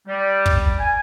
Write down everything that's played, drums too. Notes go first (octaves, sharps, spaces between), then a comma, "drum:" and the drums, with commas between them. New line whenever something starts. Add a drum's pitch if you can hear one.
G3
drum: kick
G#5